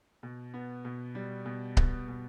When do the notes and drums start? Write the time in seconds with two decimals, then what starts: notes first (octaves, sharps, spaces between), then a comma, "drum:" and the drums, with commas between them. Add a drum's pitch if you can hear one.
0.23 B2
0.54 B3
0.85 B2
1.15 G3
1.46 B2
1.77 B3, drum: kick C#1
2.08 B2